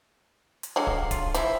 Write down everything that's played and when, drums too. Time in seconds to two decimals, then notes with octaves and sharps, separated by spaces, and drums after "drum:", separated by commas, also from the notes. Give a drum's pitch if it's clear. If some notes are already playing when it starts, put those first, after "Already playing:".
0.63 drum: hi-hat
0.76 D3 F#3 G#3 F5
0.87 drum: kick
1.11 F4, drum: kick, hi-hat
1.34 F3 E4 E5, drum: hi-hat